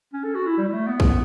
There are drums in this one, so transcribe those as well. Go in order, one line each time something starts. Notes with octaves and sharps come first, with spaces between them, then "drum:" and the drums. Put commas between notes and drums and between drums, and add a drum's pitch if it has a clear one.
C#4
A4
F#4
E4
G3
G3
A3
B3
drum: kick A#1